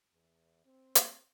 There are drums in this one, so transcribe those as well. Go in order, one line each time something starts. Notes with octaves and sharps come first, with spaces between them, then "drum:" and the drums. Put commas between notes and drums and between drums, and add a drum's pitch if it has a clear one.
E2
C4
drum: hi-hat